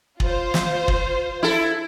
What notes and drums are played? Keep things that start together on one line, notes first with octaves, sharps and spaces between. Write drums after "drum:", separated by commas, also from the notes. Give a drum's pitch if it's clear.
F4 C5, drum: kick
drum: snare
drum: kick
E4 A4